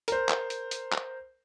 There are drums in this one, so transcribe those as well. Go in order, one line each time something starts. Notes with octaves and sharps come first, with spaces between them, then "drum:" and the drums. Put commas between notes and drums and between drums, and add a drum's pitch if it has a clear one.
A#4 C5, drum: hi-hat
drum: clap
drum: hi-hat
drum: hi-hat
drum: clap